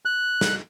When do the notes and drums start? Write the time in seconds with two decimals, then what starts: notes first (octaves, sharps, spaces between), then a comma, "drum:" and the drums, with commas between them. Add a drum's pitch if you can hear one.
0.05 F#6
0.41 drum: snare